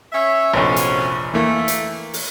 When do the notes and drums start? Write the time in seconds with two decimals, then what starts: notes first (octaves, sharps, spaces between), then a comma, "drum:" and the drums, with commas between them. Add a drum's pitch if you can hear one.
0.12 C#4 C#5 E5
0.54 F1 A#1 F#3 C4 C#4
0.76 drum: hi-hat
1.34 E3 A3 A#3
1.68 drum: hi-hat
2.13 drum: open hi-hat